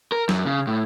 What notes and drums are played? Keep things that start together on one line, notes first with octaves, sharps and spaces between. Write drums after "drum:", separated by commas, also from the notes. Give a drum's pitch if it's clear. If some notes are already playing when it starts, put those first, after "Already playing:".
A#4
F#2, drum: snare
C#3
A2